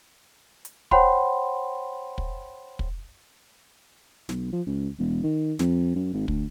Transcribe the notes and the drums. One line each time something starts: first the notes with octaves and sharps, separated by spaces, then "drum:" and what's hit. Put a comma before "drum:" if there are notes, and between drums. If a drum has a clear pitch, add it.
drum: hi-hat
C5 C#5 F#5 G5 B5 C6, drum: kick
drum: kick
drum: kick
B1, drum: snare
F3
C#2
E1
D#3
F2, drum: snare
F#2
G#1
D2, drum: kick